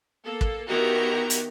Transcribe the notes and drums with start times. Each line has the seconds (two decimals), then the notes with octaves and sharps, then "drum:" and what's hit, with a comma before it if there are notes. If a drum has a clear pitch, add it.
0.24 A#3 A4
0.41 drum: kick
0.68 D#3 B3 E4 F#4 G4 A#5
1.30 drum: hi-hat